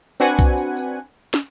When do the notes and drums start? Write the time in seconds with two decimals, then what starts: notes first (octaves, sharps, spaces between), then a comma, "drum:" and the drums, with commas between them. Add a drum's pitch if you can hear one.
0.20 C4 D4 F#4 B4 F#5 G#5, drum: tambourine
0.39 drum: kick B1, tambourine
0.58 drum: tambourine
0.77 drum: tambourine
1.34 drum: snare